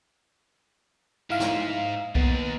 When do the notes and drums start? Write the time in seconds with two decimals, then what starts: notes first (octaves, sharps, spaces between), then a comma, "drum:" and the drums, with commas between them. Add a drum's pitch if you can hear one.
1.30 G#2 E4 F5
1.40 drum: snare
2.15 D#2 B3 A6, drum: kick C2